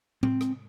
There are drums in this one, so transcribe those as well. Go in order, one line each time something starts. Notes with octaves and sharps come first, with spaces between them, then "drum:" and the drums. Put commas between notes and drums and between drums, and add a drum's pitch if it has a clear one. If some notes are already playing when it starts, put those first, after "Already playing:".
C4, drum: tom A2
drum: rim click